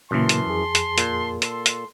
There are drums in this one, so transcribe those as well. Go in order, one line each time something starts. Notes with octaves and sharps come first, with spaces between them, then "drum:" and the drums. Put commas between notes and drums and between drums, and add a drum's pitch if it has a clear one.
F#2 A#2 C#3 E3 A#3 A5 C6
drum: hi-hat
F2 G#4
drum: hi-hat
A#2, drum: hi-hat
A4 C6, drum: hi-hat
drum: hi-hat